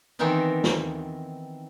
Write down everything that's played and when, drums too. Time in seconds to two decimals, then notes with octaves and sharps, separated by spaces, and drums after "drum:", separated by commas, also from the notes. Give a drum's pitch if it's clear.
0.19 D#3 E3 B3 C4 D#4 A#4
0.64 drum: snare